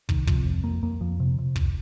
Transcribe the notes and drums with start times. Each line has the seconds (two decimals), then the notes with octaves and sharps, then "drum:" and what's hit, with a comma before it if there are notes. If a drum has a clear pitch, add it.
0.09 C2 D#3, drum: kick
0.27 C3 F3, drum: kick
0.46 F2
0.64 F2 A#3
0.82 F2 A#3
1.01 F2 F3
1.20 C3
1.38 C3
1.56 F2, drum: kick